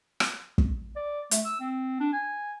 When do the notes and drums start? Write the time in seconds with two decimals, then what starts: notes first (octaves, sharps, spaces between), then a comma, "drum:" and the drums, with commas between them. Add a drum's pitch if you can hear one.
0.20 drum: rim click
0.58 drum: kick
0.96 D5
1.31 A3, drum: hi-hat
1.45 E6
1.60 C4
2.00 D4
2.13 G#5